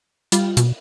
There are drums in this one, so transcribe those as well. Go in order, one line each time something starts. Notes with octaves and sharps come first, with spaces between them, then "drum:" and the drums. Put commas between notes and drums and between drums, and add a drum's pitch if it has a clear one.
G3 F4, drum: hi-hat
B2, drum: hi-hat